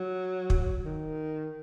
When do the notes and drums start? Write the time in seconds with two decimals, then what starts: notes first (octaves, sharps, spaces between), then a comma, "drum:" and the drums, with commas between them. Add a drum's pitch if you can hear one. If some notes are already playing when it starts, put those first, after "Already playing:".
Already playing: F#3
0.50 drum: kick
0.85 D#3